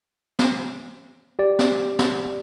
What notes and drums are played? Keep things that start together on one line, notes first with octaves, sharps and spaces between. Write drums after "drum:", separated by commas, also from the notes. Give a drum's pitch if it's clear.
drum: snare
G4 D5
drum: snare
drum: snare